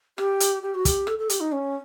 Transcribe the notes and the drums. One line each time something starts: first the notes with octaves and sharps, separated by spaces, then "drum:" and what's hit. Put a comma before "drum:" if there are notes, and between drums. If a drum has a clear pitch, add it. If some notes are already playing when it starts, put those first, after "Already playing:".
G4, drum: rim click
drum: hi-hat
G4
F#4
G4, drum: kick, hi-hat
A4, drum: rim click
A4
G4, drum: hi-hat
D#4
C#4